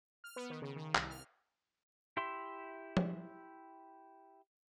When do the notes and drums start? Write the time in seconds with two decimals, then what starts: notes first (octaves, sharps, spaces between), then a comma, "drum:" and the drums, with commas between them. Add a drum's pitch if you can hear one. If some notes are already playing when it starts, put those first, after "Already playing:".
0.24 F6
0.36 B3
0.50 D#3
0.62 C#3
0.76 D#3
0.95 C2, drum: clap
1.10 F6
2.17 E4 G4 E5 C6
2.97 drum: tom F3